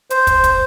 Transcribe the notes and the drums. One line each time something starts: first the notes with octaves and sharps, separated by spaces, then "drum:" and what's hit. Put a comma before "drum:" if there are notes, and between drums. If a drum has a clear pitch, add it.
C5, drum: hi-hat
drum: kick, hi-hat
drum: kick, hi-hat